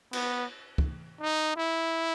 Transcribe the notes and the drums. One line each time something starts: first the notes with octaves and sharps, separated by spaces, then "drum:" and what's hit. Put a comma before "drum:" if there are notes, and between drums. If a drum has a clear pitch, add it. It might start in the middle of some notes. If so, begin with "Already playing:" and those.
B3, drum: cymbal
drum: kick
D#4
E4